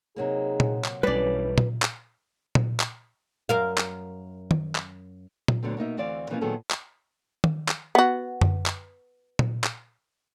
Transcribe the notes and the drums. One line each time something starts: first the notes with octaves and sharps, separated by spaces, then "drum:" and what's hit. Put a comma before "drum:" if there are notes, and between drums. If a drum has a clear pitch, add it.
C3 F#3 A#3 D#4 G#4
drum: tom A#2
drum: clap
B1 E3 G3 C#4 D4 B4 C#5 D5
drum: tom A#2
drum: clap
drum: tom A#2
drum: clap
F#2 A#4 F5
drum: clap
drum: tom
drum: clap
drum: tom A#2
D2 B2 D3 F#3 C4
B2 A#3 D#4 E5
D2 E3 C4 D5 F5
B2 E3 F3 A#3 C#4 F4
A#2 D#3 F#3 B3 G#4 A4
drum: clap
drum: tom
drum: clap
B3 F#4
drum: tom F#2
drum: clap
drum: tom A#2
drum: clap